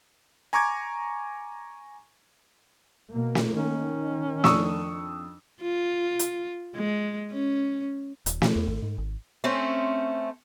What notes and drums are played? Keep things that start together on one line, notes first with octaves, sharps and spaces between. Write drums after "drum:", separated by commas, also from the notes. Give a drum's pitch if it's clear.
G#5 A#5 C#6 D6 G#6
B2 A#3
drum: snare
D#3 C#4
F2 D4 C#6 D#6 E6, drum: snare
F4
drum: hi-hat
G#3
C#4
D#1, drum: hi-hat
F3, drum: snare
E2
G#1
G#2
G#1
A3 C4 C#4 C5